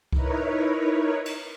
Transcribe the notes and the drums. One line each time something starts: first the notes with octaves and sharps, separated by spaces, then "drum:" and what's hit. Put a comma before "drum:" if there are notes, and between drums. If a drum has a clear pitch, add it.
D#4 E4 A#4 B4 C#5, drum: kick C2
drum: cymbal